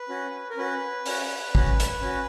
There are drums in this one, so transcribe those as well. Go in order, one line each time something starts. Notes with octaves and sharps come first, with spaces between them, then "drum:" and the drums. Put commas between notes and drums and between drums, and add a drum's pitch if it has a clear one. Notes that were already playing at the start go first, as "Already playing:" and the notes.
Already playing: B4
C#4 F#4
A#4
C#4 F#4 B4
C#4 F#4, drum: open hi-hat
C#4 F#4, drum: kick G#1
drum: hi-hat
C#4 F#4